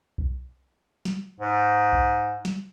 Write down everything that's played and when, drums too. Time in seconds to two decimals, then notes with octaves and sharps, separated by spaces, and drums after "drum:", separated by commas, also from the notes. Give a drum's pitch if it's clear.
0.18 drum: kick B1
1.05 drum: snare
1.40 G#2
1.93 drum: kick B1
2.45 drum: snare